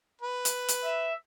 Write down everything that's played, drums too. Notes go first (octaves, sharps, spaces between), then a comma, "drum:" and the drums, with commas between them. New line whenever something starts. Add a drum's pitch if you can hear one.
B4
drum: hi-hat
drum: hi-hat
E5